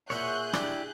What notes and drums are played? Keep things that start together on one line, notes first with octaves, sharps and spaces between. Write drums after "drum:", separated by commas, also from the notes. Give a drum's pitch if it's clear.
A#2 E4 G#4 C#5 E5 F#5 F#6 G6
D4 E4 G4, drum: rim click